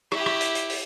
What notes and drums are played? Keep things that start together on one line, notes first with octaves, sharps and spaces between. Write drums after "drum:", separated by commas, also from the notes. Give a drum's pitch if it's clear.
E4 G4, drum: rim click
drum: rim click
drum: hi-hat
drum: hi-hat
drum: open hi-hat